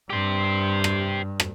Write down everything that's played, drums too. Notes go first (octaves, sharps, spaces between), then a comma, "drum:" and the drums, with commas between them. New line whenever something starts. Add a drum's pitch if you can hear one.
G2 G4 C5
drum: rim click
drum: rim click